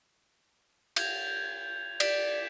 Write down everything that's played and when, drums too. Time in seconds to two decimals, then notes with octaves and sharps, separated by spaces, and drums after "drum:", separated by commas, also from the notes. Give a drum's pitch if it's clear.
0.96 G6 G#6 F7, drum: cymbal
2.00 D5 B6 D7 E7, drum: cymbal